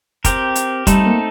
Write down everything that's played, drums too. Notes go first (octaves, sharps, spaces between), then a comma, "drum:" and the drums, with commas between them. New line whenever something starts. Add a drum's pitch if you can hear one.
C4 G4 A#4, drum: kick, hi-hat
drum: hi-hat
G3 A3 C4 D#4 A4, drum: kick, hi-hat
A#3